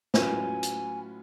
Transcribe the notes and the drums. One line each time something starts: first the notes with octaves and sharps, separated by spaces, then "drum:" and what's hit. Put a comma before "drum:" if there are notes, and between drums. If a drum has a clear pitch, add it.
A2 F#3 C#4 F4 B4 G#5, drum: snare
drum: hi-hat